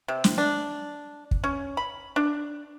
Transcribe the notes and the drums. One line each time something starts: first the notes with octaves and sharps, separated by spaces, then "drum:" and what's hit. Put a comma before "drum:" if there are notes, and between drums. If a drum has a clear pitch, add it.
C3
drum: snare
D4
drum: kick
C#4
B5
D4